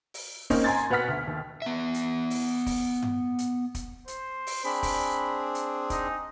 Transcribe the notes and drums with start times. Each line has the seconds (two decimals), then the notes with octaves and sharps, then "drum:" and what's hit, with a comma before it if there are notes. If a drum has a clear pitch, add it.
0.14 drum: open hi-hat
0.50 A#3 C4 C#4 D#4 A#4, drum: kick, open hi-hat
0.64 G#5 A#5 C6 G#6 A6
0.90 B2 B3 B4 F#5 F6 B6
1.08 D2
1.27 D#2
1.62 B3 E5
1.94 drum: hi-hat
2.30 drum: open hi-hat
2.66 drum: kick, open hi-hat
3.02 drum: tom G2
3.39 drum: hi-hat
3.75 drum: kick, hi-hat
4.08 C5, drum: hi-hat
4.47 drum: open hi-hat
4.65 C4 D4 G#4 B5
4.83 drum: kick, open hi-hat
5.55 drum: hi-hat
5.90 D#4, drum: kick, hi-hat